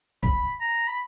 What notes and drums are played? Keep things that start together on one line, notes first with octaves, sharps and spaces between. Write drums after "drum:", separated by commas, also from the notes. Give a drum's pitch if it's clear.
B5, drum: kick
A#5
B5